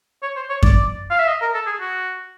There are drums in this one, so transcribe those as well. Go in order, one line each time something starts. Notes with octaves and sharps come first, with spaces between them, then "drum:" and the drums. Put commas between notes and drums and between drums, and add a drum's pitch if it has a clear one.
C#5
C5
C#5
D5, drum: kick F#2
F5
E5
D#5
A#4
A4
G#4
F#4